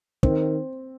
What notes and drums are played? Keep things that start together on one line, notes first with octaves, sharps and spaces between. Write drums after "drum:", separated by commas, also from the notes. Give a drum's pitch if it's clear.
D#3 C4, drum: kick